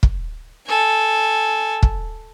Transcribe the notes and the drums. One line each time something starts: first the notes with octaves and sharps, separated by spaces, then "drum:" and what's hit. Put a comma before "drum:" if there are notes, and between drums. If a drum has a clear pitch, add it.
drum: kick
A4 G#5
drum: kick